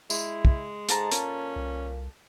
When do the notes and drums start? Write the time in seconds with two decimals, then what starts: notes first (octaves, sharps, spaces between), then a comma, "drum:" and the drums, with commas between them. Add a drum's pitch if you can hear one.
0.10 G#3 E4, drum: tambourine
0.45 drum: kick
0.89 G#2 A4 A5 A#5, drum: hi-hat
1.12 A#2 C#4, drum: hi-hat
1.56 C2